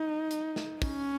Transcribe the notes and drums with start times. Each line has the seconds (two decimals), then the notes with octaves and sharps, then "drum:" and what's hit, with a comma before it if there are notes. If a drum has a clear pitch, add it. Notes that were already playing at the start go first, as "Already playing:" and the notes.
Already playing: D#4
0.31 drum: hi-hat
0.56 drum: snare
0.82 C#4, drum: kick, open hi-hat